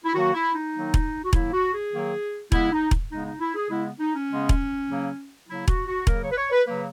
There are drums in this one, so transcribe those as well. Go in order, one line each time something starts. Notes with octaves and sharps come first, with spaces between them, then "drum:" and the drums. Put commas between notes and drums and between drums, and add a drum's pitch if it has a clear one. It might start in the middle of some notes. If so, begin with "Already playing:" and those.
E4
D#3 F#3 A#3 F#4
E4
D#4
D#3 F#3 A#3
drum: kick E1
F#4
D#3 F#3 A#3 E4, drum: kick E1
F#4
G#4
D#3 F#3 A#3
C#3 G#3 B3 E4, drum: kick E1
D#4
drum: kick E1
C#3 G#3 B3 D#4
D#4
E4
G#4
C#3 G#3 B3 E4
D#4
C#4
C#3 G#3 B3
drum: kick E1
C#3 F#3 A#3
C#3 F#3 A#3 E4
F#4, drum: kick E1
F#4
C#3 F#3 A#3 A#4, drum: kick E1
C#5
B4
C#5
B4
C#3 F#3 A#3 B4